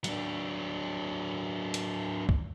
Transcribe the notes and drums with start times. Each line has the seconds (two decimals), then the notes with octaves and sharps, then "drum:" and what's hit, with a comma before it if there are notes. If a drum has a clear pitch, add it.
0.04 F#3 D4, drum: hi-hat
1.74 drum: hi-hat
2.29 drum: kick